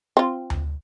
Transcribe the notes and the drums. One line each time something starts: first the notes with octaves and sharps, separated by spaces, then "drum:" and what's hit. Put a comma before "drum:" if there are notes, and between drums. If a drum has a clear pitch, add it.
C4 F4
drum: tom D2